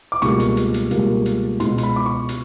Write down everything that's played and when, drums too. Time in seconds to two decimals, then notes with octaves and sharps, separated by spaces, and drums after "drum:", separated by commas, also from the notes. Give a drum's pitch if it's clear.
0.12 D6
0.22 C#2 B2 G3 A#3 C#6, drum: hi-hat
0.40 drum: hi-hat
0.57 drum: hi-hat
0.74 drum: hi-hat
0.91 C#2 B2 G3 A#3, drum: hi-hat
1.26 drum: hi-hat
1.60 C#2 B2 G#3 C6, drum: hi-hat
1.78 C6, drum: hi-hat
1.83 B5
1.96 D6
2.06 C#6
2.29 drum: hi-hat